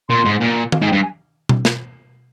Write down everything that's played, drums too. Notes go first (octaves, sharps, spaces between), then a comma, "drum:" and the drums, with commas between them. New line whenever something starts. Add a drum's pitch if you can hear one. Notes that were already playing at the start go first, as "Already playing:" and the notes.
A#2 C6
G#2
A#2
F5, drum: tom D#3
G#2 G#5
G5
G2
G#5
drum: tom B2
drum: snare